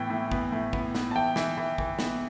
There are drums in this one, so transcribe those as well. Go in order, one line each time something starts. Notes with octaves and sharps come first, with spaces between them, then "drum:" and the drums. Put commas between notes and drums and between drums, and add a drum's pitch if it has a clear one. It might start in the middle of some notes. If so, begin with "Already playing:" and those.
Already playing: A2 E3 B3 G5
A2
B3, drum: kick
A2
B3, drum: kick
B3, drum: snare
A5
E3 G5
E3, drum: snare
E3
E3, drum: kick
B3, drum: snare